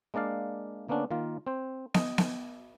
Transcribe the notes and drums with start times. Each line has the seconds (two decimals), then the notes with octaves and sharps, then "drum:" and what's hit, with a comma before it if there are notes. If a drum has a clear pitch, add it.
0.14 G#3 A#3 D4 D5 F5
0.88 D3 A#3 B3 C#4 D4
1.11 D#3 A#3 F4
1.47 C4 C5
1.94 D#5, drum: snare B3
2.18 drum: snare B3